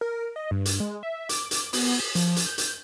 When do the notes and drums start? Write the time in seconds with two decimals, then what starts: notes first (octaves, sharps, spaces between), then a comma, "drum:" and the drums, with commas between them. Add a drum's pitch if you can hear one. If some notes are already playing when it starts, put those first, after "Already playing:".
0.01 A#4
0.36 D#5
0.51 G2
0.65 drum: hi-hat
0.80 G#3
1.03 E5
1.29 D6, drum: hi-hat
1.51 drum: hi-hat
1.73 B3, drum: open hi-hat
2.00 B6
2.15 F3, drum: hi-hat
2.36 drum: hi-hat
2.46 G6
2.58 drum: hi-hat